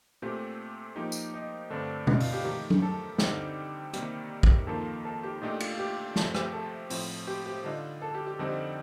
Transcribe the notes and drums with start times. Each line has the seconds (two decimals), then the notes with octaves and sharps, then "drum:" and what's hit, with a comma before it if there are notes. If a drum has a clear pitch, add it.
0.22 A#2 A3 C4 G4
0.96 F3 A#3 D#4 G4
1.12 drum: tambourine
1.34 D#4
1.70 G2 D3 A3 C4 D4
2.07 D#4, drum: tom B2
2.20 F4, drum: open hi-hat
2.33 G4
2.44 F2 D#3 A3 D#4 G4
2.70 drum: tom F#3
2.82 A4
3.18 D3 G3 C4 D#4 G4, drum: snare
3.93 C3 D#3 G3 A#3 G4, drum: hi-hat
4.43 drum: kick
4.67 F2 D#3 A#3 F4 A4
5.05 A4
5.23 G4
5.42 A#2 A3 D4 D#4 G4
5.60 F4, drum: cymbal
5.79 G4
6.16 C3 F3 A3 A4, drum: snare
6.35 G4, drum: rim click
6.53 A4
6.90 A2 F3 C4, drum: open hi-hat
7.27 G4
7.46 G4
7.64 D3 G3 D4 D#4 F4
8.02 A4
8.14 G4
8.27 G4
8.39 F2 D3 G3 C4 D#4 G4